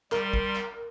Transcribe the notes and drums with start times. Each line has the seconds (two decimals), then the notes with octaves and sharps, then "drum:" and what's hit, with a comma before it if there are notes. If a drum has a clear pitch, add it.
0.12 G3 A#4 C6, drum: clap
0.33 drum: kick
0.55 drum: clap